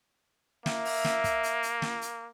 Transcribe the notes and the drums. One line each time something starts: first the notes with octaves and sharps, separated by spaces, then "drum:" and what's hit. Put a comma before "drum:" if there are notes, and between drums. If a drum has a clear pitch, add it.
A#3 E5, drum: snare
drum: open hi-hat
drum: snare
drum: kick, hi-hat
drum: hi-hat
drum: hi-hat
drum: snare
drum: hi-hat